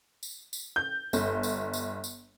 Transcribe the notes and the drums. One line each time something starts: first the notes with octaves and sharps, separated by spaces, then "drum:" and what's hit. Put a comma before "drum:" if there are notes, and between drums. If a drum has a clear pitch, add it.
drum: tambourine
drum: tambourine
G6
G1, drum: tambourine
drum: tambourine
drum: tambourine
drum: tambourine